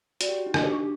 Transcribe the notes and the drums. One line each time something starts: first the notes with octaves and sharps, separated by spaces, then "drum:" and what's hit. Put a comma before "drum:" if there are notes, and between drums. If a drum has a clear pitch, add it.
F#4 D5, drum: hi-hat
G4
F#4
D#4
D4 D#5, drum: rim click
G4
F#4
G4